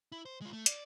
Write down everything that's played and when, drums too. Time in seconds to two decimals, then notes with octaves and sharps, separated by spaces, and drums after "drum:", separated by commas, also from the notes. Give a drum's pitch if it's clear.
0.12 E4
0.25 C5
0.41 G#3 F4
0.53 A3
0.66 D5, drum: hi-hat